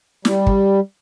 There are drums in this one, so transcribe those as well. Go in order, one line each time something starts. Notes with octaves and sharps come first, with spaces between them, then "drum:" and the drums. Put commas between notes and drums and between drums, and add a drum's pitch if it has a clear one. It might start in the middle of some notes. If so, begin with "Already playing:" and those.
G3, drum: snare
drum: kick